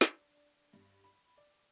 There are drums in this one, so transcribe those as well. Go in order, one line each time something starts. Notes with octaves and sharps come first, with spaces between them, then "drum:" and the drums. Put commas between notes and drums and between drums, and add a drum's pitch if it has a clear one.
D4, drum: snare
G2
B5
D5